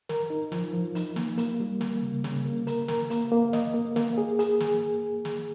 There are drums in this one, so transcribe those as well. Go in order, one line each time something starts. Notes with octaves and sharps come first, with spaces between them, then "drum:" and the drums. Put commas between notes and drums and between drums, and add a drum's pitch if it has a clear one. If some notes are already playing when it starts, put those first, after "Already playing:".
A#4, drum: snare
D#4
F3, drum: snare
F3
D#4, drum: hi-hat
A#3, drum: snare
A#3, drum: hi-hat
G3
A#3, drum: snare
C#3
C#3, drum: snare
A#3
A#4, drum: hi-hat
A#4, drum: snare
A#3, drum: hi-hat
A#3
D#5, drum: snare
A#3
A#3, drum: snare
G#4
G#4, drum: hi-hat
drum: snare
drum: snare